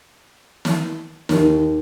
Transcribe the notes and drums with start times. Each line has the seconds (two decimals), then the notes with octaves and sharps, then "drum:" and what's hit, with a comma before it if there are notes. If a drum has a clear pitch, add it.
0.65 drum: snare
1.29 D#2, drum: snare